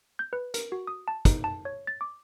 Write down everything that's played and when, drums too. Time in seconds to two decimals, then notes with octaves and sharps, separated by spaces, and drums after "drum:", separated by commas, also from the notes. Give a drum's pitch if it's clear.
0.19 G6
0.33 B4
0.54 A#4, drum: hi-hat
0.72 F#4
0.87 D#6
1.08 A5
1.25 D#4, drum: kick, hi-hat
1.44 A5
1.65 C#5
1.87 A6
2.01 D6